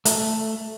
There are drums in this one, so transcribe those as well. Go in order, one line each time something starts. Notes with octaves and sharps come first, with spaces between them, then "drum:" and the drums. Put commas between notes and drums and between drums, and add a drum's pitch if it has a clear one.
A3, drum: hi-hat